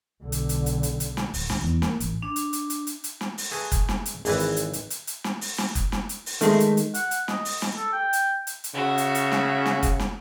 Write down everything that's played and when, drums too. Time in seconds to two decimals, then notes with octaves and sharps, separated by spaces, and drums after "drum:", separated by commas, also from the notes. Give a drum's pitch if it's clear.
0.22 B1 D3
0.32 drum: hi-hat
0.49 drum: hi-hat
0.66 drum: hi-hat
0.83 drum: hi-hat
1.00 drum: hi-hat
1.17 drum: snare
1.34 D1, drum: open hi-hat
1.50 D2, drum: snare
1.62 E2
1.82 A#3, drum: snare
2.00 A1, drum: hi-hat
2.22 D4
2.36 drum: hi-hat
2.53 drum: hi-hat
2.70 drum: hi-hat
2.87 drum: hi-hat
3.04 drum: hi-hat
3.21 drum: snare
3.38 drum: open hi-hat
3.51 A3 G#4 B4
3.72 drum: kick F#1, hi-hat
3.89 drum: snare
4.06 drum: hi-hat
4.25 G#1 E3 G#4 B4, drum: open hi-hat
4.39 drum: hi-hat
4.56 drum: hi-hat
4.73 drum: hi-hat
4.90 drum: hi-hat
5.07 drum: hi-hat
5.24 drum: snare
5.41 drum: open hi-hat
5.58 drum: snare
5.75 drum: kick F#1, hi-hat
5.92 drum: snare
6.09 drum: hi-hat
6.26 drum: open hi-hat
6.41 D#3 G#3 A3, drum: hi-hat
6.60 drum: hi-hat
6.77 drum: hi-hat
6.94 F#5, drum: hi-hat
7.11 drum: hi-hat
7.28 D#5, drum: snare
7.45 drum: open hi-hat
7.62 drum: snare
7.76 A4
7.92 G5
8.13 drum: hi-hat
8.47 drum: hi-hat
8.64 drum: hi-hat
8.74 C#3 F#4 E5
8.98 drum: hi-hat
9.15 drum: hi-hat
9.32 drum: snare
9.66 drum: snare
9.83 drum: kick F#1, hi-hat
10.00 drum: snare